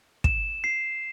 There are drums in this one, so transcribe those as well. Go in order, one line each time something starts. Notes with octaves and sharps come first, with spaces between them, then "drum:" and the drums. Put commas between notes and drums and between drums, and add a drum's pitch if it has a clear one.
E7, drum: kick
C7